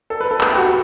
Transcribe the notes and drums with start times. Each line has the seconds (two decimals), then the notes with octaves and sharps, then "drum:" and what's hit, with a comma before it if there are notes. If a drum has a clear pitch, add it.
0.10 A4
0.21 B4
0.31 A4
0.41 drum: clap
0.51 G4
0.56 F#4